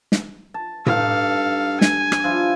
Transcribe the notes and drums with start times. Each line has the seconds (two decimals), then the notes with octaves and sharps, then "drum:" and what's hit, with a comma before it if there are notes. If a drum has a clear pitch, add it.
0.12 drum: snare
0.54 A5
0.86 G2 D#4 A4 F5, drum: tom A2
1.81 G#5, drum: snare
2.12 drum: rim click
2.24 F3 D4 E4